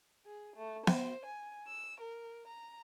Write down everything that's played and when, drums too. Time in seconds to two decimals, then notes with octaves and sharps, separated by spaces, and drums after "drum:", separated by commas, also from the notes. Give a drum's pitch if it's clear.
0.25 G#4
0.56 A3
0.87 C5, drum: snare B3
1.25 G#5
1.67 E6
2.00 A#4
2.46 A#5